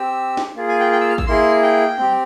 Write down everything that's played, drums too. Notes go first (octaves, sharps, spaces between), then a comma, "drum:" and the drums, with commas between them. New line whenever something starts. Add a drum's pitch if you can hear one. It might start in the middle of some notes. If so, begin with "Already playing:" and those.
Already playing: C4 G4 E6
drum: snare
A#3 F4 G#4
G#5
G5
G5
E6
F6
E6, drum: kick G#1
A#3 E4 G#4 C6
G5
C4 G4, drum: tom F#3